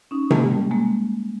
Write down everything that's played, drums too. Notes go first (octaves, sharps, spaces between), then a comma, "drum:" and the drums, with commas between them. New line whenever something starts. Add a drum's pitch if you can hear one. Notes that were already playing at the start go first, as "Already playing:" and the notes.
C#4 D#4
G#3 A#3, drum: tom C3
G3 A3
G#3 A#3